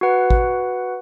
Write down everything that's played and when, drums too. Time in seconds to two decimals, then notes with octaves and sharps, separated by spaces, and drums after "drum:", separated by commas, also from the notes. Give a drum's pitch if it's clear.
0.01 F#4 B4 F#5
0.30 drum: kick